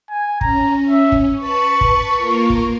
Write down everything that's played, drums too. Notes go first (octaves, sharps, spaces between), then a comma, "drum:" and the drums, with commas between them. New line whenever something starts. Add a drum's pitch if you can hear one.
G#5
C#4 A#5, drum: kick
E5
drum: kick
B4 A5 B5 C#6
drum: kick
A#3 F4 A#4
drum: kick